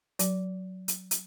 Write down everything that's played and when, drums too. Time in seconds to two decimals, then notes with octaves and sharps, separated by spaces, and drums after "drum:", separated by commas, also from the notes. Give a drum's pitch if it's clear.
0.19 F#3, drum: hi-hat
0.88 drum: hi-hat
1.11 drum: hi-hat